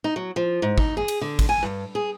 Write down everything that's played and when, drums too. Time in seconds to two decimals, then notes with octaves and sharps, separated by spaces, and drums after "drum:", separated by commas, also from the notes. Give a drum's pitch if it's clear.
0.04 D#4
0.16 F#3
0.36 F3
0.62 G#2
0.78 D#4, drum: kick
0.97 G#4
1.08 drum: cymbal
1.21 D3
1.39 drum: kick, cymbal
1.49 G#5
1.63 G2
1.95 G#4